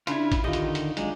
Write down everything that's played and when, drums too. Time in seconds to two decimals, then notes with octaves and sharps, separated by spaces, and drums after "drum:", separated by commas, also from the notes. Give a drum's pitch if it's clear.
0.07 C#3 D4 E4 F4, drum: hi-hat
0.32 drum: kick, hi-hat
0.44 D3 D#3 D#4 F4 G4 D#5
0.53 drum: hi-hat
0.75 drum: hi-hat
0.97 F#3 G#3 D4 F4, drum: hi-hat